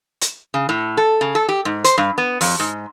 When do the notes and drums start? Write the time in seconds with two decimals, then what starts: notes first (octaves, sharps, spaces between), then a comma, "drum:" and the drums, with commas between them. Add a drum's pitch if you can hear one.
0.21 drum: hi-hat
0.54 C#3
0.69 A2
0.97 A4
1.21 C#3
1.35 A4
1.49 G4
1.65 G#2
1.84 C5, drum: hi-hat
1.98 G2
2.18 B3
2.41 F2, drum: open hi-hat
2.60 G#2